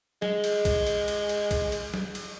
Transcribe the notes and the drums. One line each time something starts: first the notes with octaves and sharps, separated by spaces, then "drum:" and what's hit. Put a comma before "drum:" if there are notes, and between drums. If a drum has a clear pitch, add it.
G#3, drum: snare
drum: cymbal
drum: kick B1, cymbal
drum: cymbal
drum: cymbal
drum: cymbal
drum: kick B1, cymbal
drum: cymbal
drum: snare
drum: cymbal